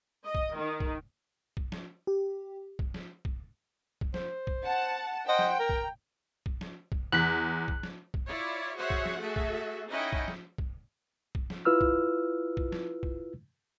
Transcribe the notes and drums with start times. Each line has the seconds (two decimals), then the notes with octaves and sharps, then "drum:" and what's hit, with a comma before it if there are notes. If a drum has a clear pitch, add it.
0.24 D#5
0.35 drum: kick
0.56 D#3
0.80 drum: kick
1.57 drum: kick
1.72 drum: snare
2.07 G4
2.79 drum: kick
2.94 drum: snare
3.25 drum: kick
4.01 drum: kick
4.14 C5, drum: snare
4.47 drum: kick
4.64 F#5 A5
5.28 C5 D#5 F#5 G5
5.39 drum: snare
5.59 A#4 A#5
5.69 drum: kick
6.46 drum: kick
6.61 drum: snare
6.92 drum: kick
7.12 E2 F#6 B6
7.68 drum: kick
7.83 drum: snare
8.14 drum: kick
8.28 E4 F4 C#5 D5
8.77 F#4 G#4 C5 C#5 E5 F#5
8.90 drum: kick
9.06 drum: snare
9.19 A3 F#4 G#4 A4 E5
9.36 drum: kick
9.89 C#4 D#4 E4 D#5 F#5 G5
10.13 drum: kick
10.28 drum: snare
10.58 drum: kick
11.35 drum: kick
11.50 drum: snare
11.65 E4 F4 B4 E6 F6
11.81 drum: kick
12.57 drum: kick
12.72 drum: snare
13.03 drum: kick